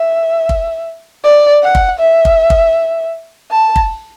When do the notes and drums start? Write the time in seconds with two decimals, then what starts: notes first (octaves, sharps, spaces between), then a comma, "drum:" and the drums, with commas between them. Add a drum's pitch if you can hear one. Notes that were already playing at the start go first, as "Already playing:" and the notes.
Already playing: E5
0.49 drum: kick
1.24 D5
1.63 F#5
1.75 drum: kick
2.00 E5
2.25 drum: kick
2.50 drum: kick
3.51 A5
3.76 drum: kick